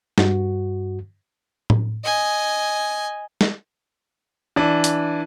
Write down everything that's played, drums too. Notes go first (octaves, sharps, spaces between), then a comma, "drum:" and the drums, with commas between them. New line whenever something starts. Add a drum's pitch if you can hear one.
G2 F#4, drum: snare
drum: tom A2
D#5 G#5
drum: snare
E3 D4
drum: hi-hat